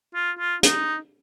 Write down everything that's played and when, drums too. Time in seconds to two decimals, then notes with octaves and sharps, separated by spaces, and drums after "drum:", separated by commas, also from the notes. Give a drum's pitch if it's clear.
0.15 F4
0.39 F4
0.63 D#4, drum: hi-hat